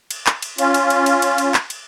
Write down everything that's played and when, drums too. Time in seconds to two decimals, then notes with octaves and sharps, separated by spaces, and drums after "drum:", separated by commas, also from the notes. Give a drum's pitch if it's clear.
0.11 drum: cymbal
0.26 drum: clap
0.42 drum: cymbal
0.58 C#4 F4, drum: cymbal
0.74 drum: cymbal
0.90 drum: cymbal
1.06 drum: cymbal
1.22 drum: cymbal
1.38 drum: cymbal
1.54 drum: clap
1.70 drum: cymbal